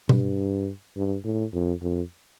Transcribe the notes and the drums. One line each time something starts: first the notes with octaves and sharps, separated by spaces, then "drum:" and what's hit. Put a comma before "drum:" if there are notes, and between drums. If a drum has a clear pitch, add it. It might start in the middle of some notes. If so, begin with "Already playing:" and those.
G2, drum: tom B2
G2
A2
F2
F2